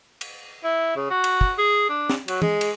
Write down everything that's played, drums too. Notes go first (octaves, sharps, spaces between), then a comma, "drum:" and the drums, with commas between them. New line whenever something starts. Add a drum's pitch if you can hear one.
drum: cymbal
E4
C#3
F#4
drum: cymbal
drum: kick
G#4
D4
drum: snare
F#3, drum: cymbal
G#3, drum: tom
drum: cymbal